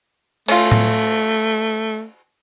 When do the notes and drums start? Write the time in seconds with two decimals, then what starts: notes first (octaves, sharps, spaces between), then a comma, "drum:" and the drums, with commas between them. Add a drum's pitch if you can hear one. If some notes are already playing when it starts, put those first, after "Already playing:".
0.48 A3 C#4 F4, drum: cymbal
0.72 drum: tom A2